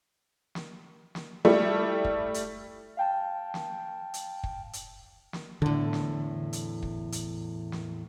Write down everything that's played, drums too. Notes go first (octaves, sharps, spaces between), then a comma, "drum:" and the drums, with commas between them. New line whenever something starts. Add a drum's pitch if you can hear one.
drum: snare
drum: snare
G3 A3 E4
drum: kick
drum: hi-hat
F5 G5 A5
drum: snare
drum: hi-hat
drum: kick
drum: hi-hat
drum: snare
E2 A2 D3
drum: snare
drum: hi-hat
drum: kick
drum: hi-hat
drum: snare